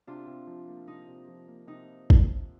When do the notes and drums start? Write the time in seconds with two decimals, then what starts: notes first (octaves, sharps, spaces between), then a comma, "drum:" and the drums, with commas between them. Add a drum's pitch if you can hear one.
0.07 C3 D4 F4
0.27 C3
0.47 F3
0.68 A#3
0.88 C3 D#4
1.08 C3
1.28 F3
1.48 A#3
1.67 C3 D#4
2.10 drum: kick